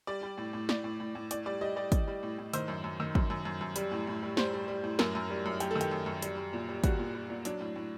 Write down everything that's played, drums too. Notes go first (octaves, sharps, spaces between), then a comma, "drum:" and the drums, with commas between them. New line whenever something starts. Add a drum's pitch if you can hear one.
G3 D5
G3
A2
A2
A2 D5, drum: snare
A2
A2
A2
A2 D5, drum: hi-hat
G3 D5
G3 D#5
G3 D5
G3, drum: kick, hi-hat
G3
A2
A2
D#3 C5, drum: hi-hat
F#2
F#2
D#3
F#2, drum: kick
F#2
F#2
F#2
G3, drum: hi-hat
A2
A2
G3
G3 C5, drum: snare
G3
G3
A2
F#2 A#4, drum: snare
F#2
G3
F#2
F#2 G4, drum: hi-hat
D#3 A4
G4, drum: hi-hat
F#2
F#2
G3, drum: hi-hat
G3
A#2
G3
G3 F#4, drum: kick, hi-hat
A#2
G3
A#2
F#3 D4, drum: hi-hat
A2
A2